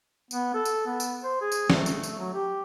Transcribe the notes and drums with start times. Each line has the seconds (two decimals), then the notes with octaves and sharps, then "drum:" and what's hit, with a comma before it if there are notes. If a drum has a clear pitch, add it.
0.31 B3, drum: tambourine
0.54 A4
0.65 drum: tambourine
0.87 B3
1.00 drum: tambourine
1.24 C5
1.41 G#4
1.52 drum: tambourine
1.70 A3, drum: snare
1.86 drum: tambourine
2.03 drum: tambourine
2.19 F#3
2.34 G4